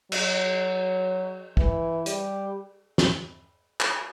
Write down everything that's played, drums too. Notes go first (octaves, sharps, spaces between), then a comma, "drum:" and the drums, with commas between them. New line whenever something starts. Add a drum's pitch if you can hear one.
F#3, drum: cymbal
E3, drum: kick
G3, drum: hi-hat
drum: snare
drum: clap